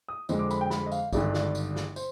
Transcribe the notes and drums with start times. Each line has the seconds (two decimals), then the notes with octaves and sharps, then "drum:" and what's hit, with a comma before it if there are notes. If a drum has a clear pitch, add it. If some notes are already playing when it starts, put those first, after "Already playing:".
0.08 D#6
0.29 F2 D3 G#3 C4, drum: tambourine
0.39 D6
0.51 B5, drum: tambourine
0.61 G5
0.70 B5, drum: snare
0.86 D#5
0.92 F5, drum: tambourine
1.13 G#1 G2 D3 D5, drum: kick A#1, tambourine
1.34 drum: snare
1.55 drum: tambourine
1.76 drum: snare
1.96 C5, drum: tambourine